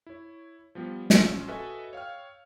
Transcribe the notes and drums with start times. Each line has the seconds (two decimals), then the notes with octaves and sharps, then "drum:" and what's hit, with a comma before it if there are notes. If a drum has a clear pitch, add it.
0.06 E4 C#5
0.75 F3 G3 B3
1.10 A#1 C#4 C6 E6 A6, drum: snare
1.48 F#4 A4 B4 D#5 E5 G#5
1.93 C#5 F5 G5 F6